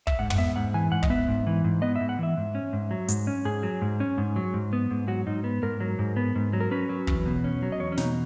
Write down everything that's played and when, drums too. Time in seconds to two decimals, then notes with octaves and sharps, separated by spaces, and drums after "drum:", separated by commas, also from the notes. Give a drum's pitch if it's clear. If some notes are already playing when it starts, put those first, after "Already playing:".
0.07 E5, drum: kick
0.19 G#2 F#5
0.30 F#5, drum: tom
0.38 B3 E5
0.56 G#2 F#5
0.74 E3 G#5
0.92 G#2 F#5
1.03 D#5, drum: kick
1.10 B3 E5
1.28 G#2
1.47 E3
1.64 G#2
1.82 B3 D#5
1.96 E5
2.00 G#2
2.09 F#5
2.19 E3 E5
2.37 G#2
2.55 C#4
2.73 G#2
2.91 F#3
3.09 G#2, drum: hi-hat
3.27 C#4
3.45 G#2 G#4
3.63 F#3
3.82 G#2
4.00 C#4
4.18 G#2
4.36 F#3
4.54 G#2
4.73 B3
4.91 G#2
5.08 F#3 F#4
5.27 G#2 D#4
5.44 B3
5.63 G#2 A#4
5.80 F#3
5.99 G#2
6.17 B3
6.35 G#2
6.53 F#3
6.60 A#4
6.71 C#4 B4
6.89 F#3
7.07 E2, drum: kick
7.26 B2
7.44 C#4
7.62 F#3
7.72 D#5
7.80 E2 C#5
7.92 C#4
7.97 B2 D#4, drum: snare